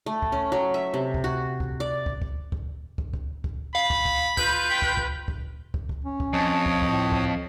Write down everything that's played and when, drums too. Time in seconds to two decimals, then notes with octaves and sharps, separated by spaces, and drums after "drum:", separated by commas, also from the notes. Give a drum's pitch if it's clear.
0.06 A3
0.22 drum: kick
0.32 C#4
0.52 F#3
0.74 E5
0.94 C3
1.14 drum: kick
1.24 F#4
1.60 drum: kick
1.80 D5
2.06 drum: kick
2.22 drum: kick
2.52 drum: kick
2.98 drum: kick
3.14 drum: kick
3.44 drum: kick
3.75 F5 B5
3.90 drum: kick
4.05 drum: kick
4.37 F4 B4 G6, drum: kick
4.70 G5
4.82 drum: kick
4.97 drum: kick
5.28 drum: kick
5.74 drum: kick
5.89 drum: kick
6.05 C#4
6.20 drum: kick
6.33 F2 C#5 D#5 A5
6.66 drum: kick
6.82 A2, drum: kick
7.12 drum: kick